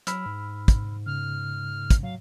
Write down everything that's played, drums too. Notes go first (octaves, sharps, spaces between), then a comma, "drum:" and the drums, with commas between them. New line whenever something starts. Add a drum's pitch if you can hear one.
F#3 B5 E6 F6, drum: hi-hat
G#2
drum: kick, hi-hat
C#3 F6
drum: kick, hi-hat
F#3 F5